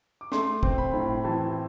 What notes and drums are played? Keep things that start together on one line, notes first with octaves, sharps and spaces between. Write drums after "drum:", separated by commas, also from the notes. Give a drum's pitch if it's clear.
D6
A3 C6, drum: snare
C4, drum: kick
B5
A2
E3 A5